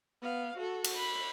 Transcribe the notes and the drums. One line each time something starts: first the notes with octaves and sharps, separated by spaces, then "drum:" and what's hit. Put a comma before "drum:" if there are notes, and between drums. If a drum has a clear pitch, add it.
B3 F5
F#4 A4
drum: cymbal
B5